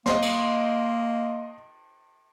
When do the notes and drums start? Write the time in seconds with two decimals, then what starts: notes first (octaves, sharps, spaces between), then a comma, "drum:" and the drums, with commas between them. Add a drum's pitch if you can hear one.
0.06 A#3 D#5 C6, drum: snare
0.22 drum: cymbal